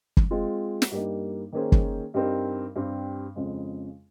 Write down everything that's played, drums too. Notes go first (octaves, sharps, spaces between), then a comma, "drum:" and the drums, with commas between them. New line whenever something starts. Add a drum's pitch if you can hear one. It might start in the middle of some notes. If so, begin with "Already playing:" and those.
drum: kick
G#3 C4 F4 G#4
drum: snare
G2 G3 A#3 D#4
D#3 A#3 C#4 G#4 C5
drum: kick
G2 G3 C4 D#4 A#4
G2 G3 C4
F2 C#3 G#3